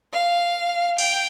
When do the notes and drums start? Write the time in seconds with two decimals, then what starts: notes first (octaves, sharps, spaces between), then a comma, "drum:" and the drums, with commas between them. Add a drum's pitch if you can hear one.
0.13 F5
0.98 G5, drum: cymbal